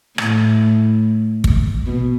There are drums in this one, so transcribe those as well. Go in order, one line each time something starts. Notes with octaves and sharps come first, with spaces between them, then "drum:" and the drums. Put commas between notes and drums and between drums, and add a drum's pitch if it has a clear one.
A2, drum: rim click
drum: kick
B2